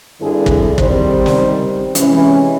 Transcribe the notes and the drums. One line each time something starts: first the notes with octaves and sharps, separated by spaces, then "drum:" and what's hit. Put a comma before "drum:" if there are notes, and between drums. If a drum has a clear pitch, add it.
G2 D3 C4 E4 G#4 A4
drum: kick
D#3 G3 C4 C5, drum: kick
drum: snare
C3 E3 G#3 C#4, drum: hi-hat